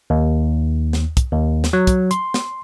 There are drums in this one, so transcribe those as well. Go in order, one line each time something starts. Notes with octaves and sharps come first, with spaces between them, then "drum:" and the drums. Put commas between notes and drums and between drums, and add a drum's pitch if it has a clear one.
D#2
drum: snare
drum: kick, hi-hat
D#2
drum: snare
F#3
drum: kick, hi-hat
C6, drum: hi-hat
drum: snare